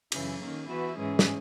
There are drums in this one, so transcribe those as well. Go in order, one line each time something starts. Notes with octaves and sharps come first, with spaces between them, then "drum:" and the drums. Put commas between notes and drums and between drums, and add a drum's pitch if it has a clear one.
F#2 C#3 E3, drum: cymbal
D#3 A#3 C#4
E3 B3 F#4 B4 E5
G#2 E3 G#3 C#4 G#4
drum: snare